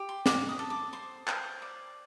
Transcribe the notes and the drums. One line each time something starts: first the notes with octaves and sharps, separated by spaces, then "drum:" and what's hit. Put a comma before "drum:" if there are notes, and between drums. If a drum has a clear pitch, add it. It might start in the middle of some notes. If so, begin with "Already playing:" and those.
Already playing: G4
C6
D#5 D6, drum: snare
D#6
A4
D6
C5 C6
C5, drum: clap
D5